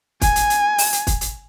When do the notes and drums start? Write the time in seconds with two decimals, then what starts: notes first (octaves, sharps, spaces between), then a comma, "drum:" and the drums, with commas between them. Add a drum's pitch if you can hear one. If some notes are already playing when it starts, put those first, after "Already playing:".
0.21 G#5, drum: kick, hi-hat
0.36 drum: hi-hat
0.50 drum: hi-hat
0.78 drum: open hi-hat
0.93 drum: hi-hat
1.07 drum: kick, hi-hat
1.21 drum: hi-hat